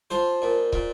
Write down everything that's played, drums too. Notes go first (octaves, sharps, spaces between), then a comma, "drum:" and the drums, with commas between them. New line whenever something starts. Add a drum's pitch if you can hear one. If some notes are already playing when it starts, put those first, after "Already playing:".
F3 C5
A#2
A#2, drum: kick